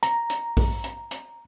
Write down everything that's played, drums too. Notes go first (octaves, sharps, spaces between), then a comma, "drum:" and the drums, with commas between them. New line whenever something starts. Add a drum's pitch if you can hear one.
A#5, drum: hi-hat
drum: hi-hat
drum: kick A#1, open hi-hat
drum: hi-hat
drum: hi-hat